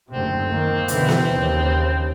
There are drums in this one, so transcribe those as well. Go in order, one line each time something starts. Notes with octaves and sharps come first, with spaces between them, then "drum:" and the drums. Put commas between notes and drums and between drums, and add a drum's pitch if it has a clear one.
F#1 D2 C3 C4
D#3 A#3
B2 D3 E3, drum: hi-hat
drum: snare B3
D#2 C#3